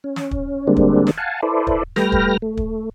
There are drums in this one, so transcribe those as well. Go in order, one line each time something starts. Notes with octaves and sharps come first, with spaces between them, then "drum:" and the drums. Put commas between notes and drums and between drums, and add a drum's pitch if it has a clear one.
C#4
drum: snare
drum: kick
D3 G3 G#3 A#3 C4 D4
drum: kick
drum: snare
F5 F#5 G#5 A5
E4 A4 B4 C5 D5
drum: kick
G3 A3 B4 G5 F6 A#6, drum: snare
drum: kick
A3
drum: kick